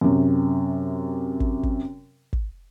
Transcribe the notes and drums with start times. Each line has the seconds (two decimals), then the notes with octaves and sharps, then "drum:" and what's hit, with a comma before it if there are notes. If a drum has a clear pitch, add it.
0.01 F#2 C3
1.40 drum: kick
1.63 drum: kick
2.33 drum: kick